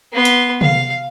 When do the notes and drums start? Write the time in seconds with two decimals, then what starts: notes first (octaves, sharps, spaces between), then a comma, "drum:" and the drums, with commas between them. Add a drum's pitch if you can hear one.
0.13 B3 C6
0.25 drum: hi-hat
0.61 F5, drum: tom C3